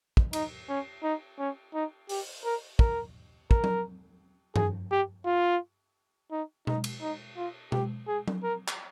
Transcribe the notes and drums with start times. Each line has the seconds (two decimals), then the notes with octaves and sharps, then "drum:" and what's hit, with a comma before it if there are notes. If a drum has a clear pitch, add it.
0.17 drum: kick
0.33 D#4, drum: cymbal
0.69 C#4
1.03 D#4
1.39 C#4
1.74 D#4
2.09 G4, drum: open hi-hat
2.44 A#4
2.79 A#4, drum: kick
3.51 A#4, drum: kick
3.64 drum: tom F#3
4.56 G#4, drum: tom G2
4.91 G4
5.25 F4
6.31 D#4
6.67 D#4, drum: tom B2
6.84 drum: cymbal
7.01 D#4
7.37 F4
7.72 G4, drum: tom B2
8.08 G#4
8.28 drum: tom F#3
8.43 A#4
8.68 drum: clap